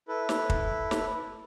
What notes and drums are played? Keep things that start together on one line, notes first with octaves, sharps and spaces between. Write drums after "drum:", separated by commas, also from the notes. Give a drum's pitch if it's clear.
E4 A4 B4
drum: snare
drum: kick
drum: snare